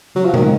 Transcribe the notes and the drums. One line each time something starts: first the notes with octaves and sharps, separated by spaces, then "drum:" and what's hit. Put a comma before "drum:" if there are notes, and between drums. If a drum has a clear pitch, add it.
C#3 F#3
F3
D#3 G#3, drum: tom C3